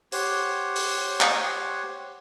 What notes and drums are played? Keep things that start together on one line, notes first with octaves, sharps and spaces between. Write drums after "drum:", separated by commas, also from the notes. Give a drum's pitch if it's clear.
G4 C5 C#5 F#5, drum: open hi-hat
drum: open hi-hat
drum: clap